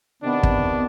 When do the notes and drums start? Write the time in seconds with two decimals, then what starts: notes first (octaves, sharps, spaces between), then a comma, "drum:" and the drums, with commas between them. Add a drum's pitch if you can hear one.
0.22 C3 D#3 B3 D4
0.43 drum: kick